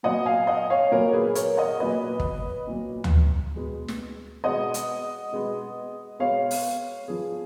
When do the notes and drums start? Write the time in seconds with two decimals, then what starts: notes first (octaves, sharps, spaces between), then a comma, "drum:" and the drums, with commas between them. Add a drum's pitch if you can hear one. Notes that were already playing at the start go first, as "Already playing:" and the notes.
0.03 A#2 F#3 B3 D#5 F#5
0.26 F5 G#5
0.47 D#5 F#5
0.70 C#5 F5
0.91 A#2 F#3 B3 A#4 C#5
1.13 G#4 B4
1.35 A#4 C#5, drum: hi-hat
1.57 D#5 F#5
1.80 A#2 F#3 B3 B4 D#5
2.20 drum: kick
2.67 A#2 F#3 B3
3.04 drum: tom D2
3.56 B2 G#3 B3
3.88 drum: snare
4.44 B2 G#3 B3 D#5 F#5
4.74 drum: hi-hat
5.32 B2 G#3 B3
6.19 B2 G#3 B3 C#5 F5
6.51 drum: open hi-hat
7.07 F3 B3 G#4